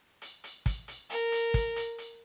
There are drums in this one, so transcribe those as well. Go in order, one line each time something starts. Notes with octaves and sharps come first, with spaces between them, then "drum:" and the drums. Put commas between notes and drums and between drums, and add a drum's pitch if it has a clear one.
drum: hi-hat
drum: hi-hat
drum: kick, hi-hat
drum: hi-hat
A#4, drum: hi-hat
drum: hi-hat
drum: kick, hi-hat
drum: hi-hat
drum: hi-hat